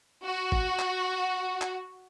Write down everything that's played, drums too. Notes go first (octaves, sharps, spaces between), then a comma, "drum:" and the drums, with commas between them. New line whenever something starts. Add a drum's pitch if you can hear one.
F#4
drum: kick
drum: clap
drum: clap